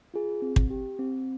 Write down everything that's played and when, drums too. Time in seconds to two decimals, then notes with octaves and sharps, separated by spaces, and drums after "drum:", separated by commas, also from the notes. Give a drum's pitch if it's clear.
0.14 F4 G#4
0.42 C4
0.56 drum: kick
0.70 G4
0.99 C4